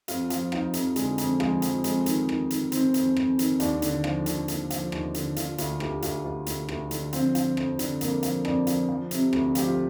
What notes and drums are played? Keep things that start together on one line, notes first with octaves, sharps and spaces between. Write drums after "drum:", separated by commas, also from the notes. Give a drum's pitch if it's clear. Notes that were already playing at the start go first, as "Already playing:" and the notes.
F2 F4, drum: hi-hat
F3, drum: hi-hat
F3 D#4, drum: rim click
F2, drum: hi-hat
D3 G#3, drum: hi-hat
F2, drum: hi-hat
F3 G#3, drum: rim click
F3, drum: hi-hat
F2 G#3, drum: hi-hat
D#3, drum: hi-hat
D#3, drum: rim click
D#3, drum: hi-hat
D#3 C4, drum: hi-hat
F2, drum: hi-hat
F2, drum: rim click
D#3, drum: hi-hat
D#2 D4, drum: hi-hat
D3, drum: hi-hat
F3, drum: rim click
D3, drum: hi-hat
D#2, drum: hi-hat
F3, drum: hi-hat
D#2, drum: rim click
D3, drum: hi-hat
D3 F4, drum: hi-hat
D2 F4, drum: hi-hat
D2 G4, drum: rim click
D2 F4, drum: hi-hat
D2 F4
D2, drum: hi-hat
D2, drum: rim click
D3, drum: hi-hat
F3 C4, drum: hi-hat
F3, drum: hi-hat
F2, drum: rim click
D3, drum: hi-hat
F2 A#3, drum: hi-hat
F3, drum: hi-hat
F2 D4, drum: rim click
F3, drum: hi-hat
F3
C3, drum: hi-hat
D2, drum: rim click
F3 G4, drum: hi-hat
F4